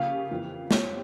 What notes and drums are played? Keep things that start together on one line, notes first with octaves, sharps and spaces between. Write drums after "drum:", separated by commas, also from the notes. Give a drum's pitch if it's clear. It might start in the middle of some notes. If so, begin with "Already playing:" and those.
Already playing: C#3 F3 A#3 C#4 G4 F5
F2 E3 A#3
F3 C4 G4 C#5, drum: snare